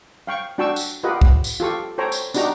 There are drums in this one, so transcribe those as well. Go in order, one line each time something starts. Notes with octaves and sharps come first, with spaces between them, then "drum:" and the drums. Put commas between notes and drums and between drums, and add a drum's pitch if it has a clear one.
F5 G5 C#6
D4 F#4 G5 A5 C#6 E6
drum: tambourine
F4 G4 A#4 B4 D#5 F#5
drum: kick B1
drum: tambourine
F4 G4 A4 C#6
A4 C5 C#5 G5 A5 A#5
drum: tambourine
D4 D#4 F#4 G4 A#5, drum: tambourine